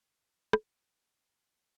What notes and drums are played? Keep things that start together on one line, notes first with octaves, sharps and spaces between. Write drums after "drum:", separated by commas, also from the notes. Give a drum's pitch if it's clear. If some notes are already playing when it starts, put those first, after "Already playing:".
G#5
G5
F5, drum: rim click
G5
G#5
G5
G#5